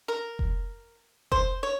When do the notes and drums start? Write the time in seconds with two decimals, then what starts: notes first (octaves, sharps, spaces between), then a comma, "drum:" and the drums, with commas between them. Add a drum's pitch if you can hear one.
0.08 A#4
0.39 drum: kick F1
1.32 C5, drum: kick F1
1.63 C#5